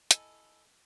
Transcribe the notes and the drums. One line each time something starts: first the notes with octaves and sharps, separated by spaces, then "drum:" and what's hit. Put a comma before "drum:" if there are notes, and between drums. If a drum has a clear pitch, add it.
E4 A4 D#5 G#5, drum: hi-hat